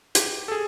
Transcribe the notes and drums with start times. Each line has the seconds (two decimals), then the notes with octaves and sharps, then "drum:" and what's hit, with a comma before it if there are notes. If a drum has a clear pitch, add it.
0.15 G4, drum: hi-hat
0.48 A4
0.52 G#4